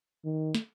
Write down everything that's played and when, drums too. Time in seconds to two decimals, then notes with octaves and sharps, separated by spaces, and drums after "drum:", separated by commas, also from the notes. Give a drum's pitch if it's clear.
0.25 D#3
0.55 drum: snare